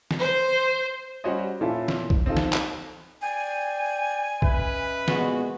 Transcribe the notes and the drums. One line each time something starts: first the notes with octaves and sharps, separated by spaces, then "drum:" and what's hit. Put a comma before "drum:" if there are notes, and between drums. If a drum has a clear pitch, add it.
drum: snare
C5
G3 C#4 F#4 C5 C#5 D#5
A#2 E3 C#4 E4 F4 A4
drum: snare
drum: kick B1
C4 D#4 F4 A4
drum: snare
drum: clap
D5 G5 G#5
C#4 B4 D#5 E5, drum: kick B1
A#2 G#3 B3 F#4, drum: snare